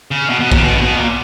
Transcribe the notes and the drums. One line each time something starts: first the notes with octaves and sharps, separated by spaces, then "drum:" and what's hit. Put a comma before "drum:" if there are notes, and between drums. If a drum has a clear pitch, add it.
C#3
B2
B2
A#2, drum: kick
B2
C#3
B2
A#2